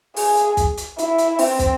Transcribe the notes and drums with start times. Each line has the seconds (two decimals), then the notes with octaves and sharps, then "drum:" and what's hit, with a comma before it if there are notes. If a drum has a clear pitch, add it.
0.16 G#4, drum: open hi-hat
0.37 drum: hi-hat
0.57 drum: kick, hi-hat
0.77 drum: hi-hat
0.98 E4, drum: hi-hat
1.18 drum: hi-hat
1.39 C4, drum: open hi-hat
1.59 drum: kick, hi-hat